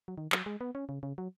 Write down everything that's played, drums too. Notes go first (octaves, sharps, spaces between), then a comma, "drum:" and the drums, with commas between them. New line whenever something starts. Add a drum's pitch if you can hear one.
F#3
D#3
F#3, drum: clap
G#3
B3
C#4
C#3
C#3
F#3